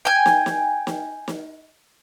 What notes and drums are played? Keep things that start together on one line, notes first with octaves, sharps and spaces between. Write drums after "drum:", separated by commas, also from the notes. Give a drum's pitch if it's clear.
G5 G#5
drum: snare
drum: snare
drum: snare
drum: snare